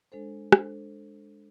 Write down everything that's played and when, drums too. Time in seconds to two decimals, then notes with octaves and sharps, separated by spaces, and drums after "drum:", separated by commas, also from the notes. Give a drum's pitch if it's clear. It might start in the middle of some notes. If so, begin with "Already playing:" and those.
0.12 G#3 D4 A4 C5
0.52 G#3 D4 A4 C5, drum: rim click